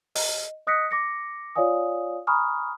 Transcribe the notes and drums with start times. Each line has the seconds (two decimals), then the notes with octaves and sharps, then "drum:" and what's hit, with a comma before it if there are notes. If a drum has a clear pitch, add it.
0.15 D#5, drum: open hi-hat
0.67 D#5 D#6 F#6 A#6 B6 C#7
0.91 D6 A#6 C#7
1.55 F4 C#5 D5 F5 G#5 D#6
2.27 G#5 A#5 B5 C#6 D#6 F6